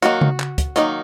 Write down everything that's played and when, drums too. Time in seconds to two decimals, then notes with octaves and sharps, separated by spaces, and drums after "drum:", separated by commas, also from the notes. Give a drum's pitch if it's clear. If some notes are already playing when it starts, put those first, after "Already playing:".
0.02 D#3 F#3 A#3 D#4 F#4, drum: hi-hat
0.21 drum: tom C#3
0.40 drum: clap
0.58 drum: kick, hi-hat
0.76 D#3 F#3 A#3 D#4, drum: hi-hat